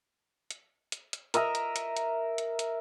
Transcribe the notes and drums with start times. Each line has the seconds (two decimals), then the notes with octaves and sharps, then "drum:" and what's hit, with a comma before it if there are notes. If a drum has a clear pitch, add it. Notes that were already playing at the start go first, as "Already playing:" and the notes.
0.51 drum: hi-hat
0.92 drum: hi-hat
1.13 drum: hi-hat
1.34 A#4 D#5 E5 A#5, drum: hi-hat
1.55 drum: hi-hat
1.76 drum: hi-hat
1.97 drum: hi-hat
2.38 drum: hi-hat
2.59 drum: hi-hat